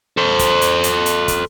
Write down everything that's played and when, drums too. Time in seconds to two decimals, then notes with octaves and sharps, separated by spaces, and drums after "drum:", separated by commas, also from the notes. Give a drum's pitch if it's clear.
0.17 A4 C5
0.39 drum: kick, hi-hat
0.61 drum: hi-hat
0.84 drum: hi-hat
1.06 drum: hi-hat
1.28 drum: kick, hi-hat